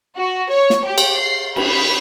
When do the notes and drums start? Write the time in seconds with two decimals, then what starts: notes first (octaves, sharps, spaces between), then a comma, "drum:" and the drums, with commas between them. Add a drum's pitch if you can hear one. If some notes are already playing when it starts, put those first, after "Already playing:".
0.17 F#4
0.50 C#5
0.70 drum: snare
0.87 G4
0.98 drum: cymbal
1.18 C7
1.56 B5, drum: cymbal